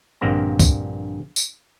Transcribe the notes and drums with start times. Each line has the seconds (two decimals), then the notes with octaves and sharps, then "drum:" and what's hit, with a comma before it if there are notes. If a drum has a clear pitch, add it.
0.21 A#1 G2 D3 A#3 C4 A#5
0.59 drum: kick, tambourine
1.36 drum: tambourine